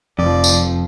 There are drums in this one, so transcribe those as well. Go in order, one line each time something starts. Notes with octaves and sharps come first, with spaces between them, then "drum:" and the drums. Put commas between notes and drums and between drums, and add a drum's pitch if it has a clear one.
F1 F2 F3 D5
drum: tambourine